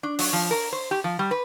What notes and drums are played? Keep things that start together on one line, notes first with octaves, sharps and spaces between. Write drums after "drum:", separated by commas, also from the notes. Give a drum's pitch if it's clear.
D4
F#3, drum: open hi-hat
F3
A#4
C5
G4
F3
G3
B4